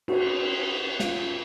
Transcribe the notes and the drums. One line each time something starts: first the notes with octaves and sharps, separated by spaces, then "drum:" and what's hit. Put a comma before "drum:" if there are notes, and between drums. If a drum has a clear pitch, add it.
F#4, drum: cymbal
F4, drum: snare